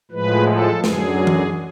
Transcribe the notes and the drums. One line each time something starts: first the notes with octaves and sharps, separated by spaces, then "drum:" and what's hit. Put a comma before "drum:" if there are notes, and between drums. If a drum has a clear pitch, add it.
A2 F3 G#3 B4
A4
F#2 D3 F#3 G#4, drum: snare
drum: tom E3